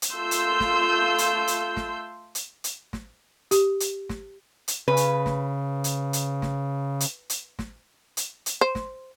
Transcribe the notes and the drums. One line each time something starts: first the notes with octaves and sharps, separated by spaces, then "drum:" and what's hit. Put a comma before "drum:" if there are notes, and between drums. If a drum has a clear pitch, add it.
drum: hi-hat
A3 F4 C6 E6 G6
drum: hi-hat
drum: snare
drum: hi-hat
drum: hi-hat
drum: snare
drum: hi-hat
drum: hi-hat
drum: snare
G4, drum: hi-hat
drum: hi-hat
drum: snare
drum: hi-hat
C#3 B4
drum: hi-hat
drum: snare
drum: hi-hat
drum: hi-hat
drum: snare
drum: hi-hat
drum: hi-hat
drum: snare
drum: hi-hat
drum: hi-hat
C5
drum: snare